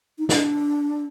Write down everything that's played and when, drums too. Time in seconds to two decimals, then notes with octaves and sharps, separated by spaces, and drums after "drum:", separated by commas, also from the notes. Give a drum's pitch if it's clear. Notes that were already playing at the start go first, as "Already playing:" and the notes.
0.19 D#4
0.29 D4, drum: snare